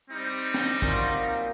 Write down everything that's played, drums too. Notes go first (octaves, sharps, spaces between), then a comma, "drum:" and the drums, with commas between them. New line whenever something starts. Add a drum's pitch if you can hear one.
G3 C4 D#4
drum: snare
A#2 F#3 F5, drum: kick